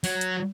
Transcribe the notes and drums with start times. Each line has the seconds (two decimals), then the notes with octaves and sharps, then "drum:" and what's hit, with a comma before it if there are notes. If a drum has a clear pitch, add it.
0.04 F#3, drum: open hi-hat
0.21 drum: hi-hat